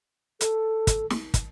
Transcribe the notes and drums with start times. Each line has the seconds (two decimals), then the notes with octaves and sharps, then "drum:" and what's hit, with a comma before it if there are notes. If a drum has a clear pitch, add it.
0.41 A4, drum: hi-hat
0.87 drum: kick, hi-hat
1.10 drum: snare
1.34 drum: kick, hi-hat